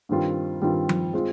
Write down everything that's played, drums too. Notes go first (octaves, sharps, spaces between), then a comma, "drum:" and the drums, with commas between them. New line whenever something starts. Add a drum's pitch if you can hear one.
G2 D#3 G3 C4 F4
G2 D#3 G3 C4 F4
drum: tom F3
G#3 C4 F4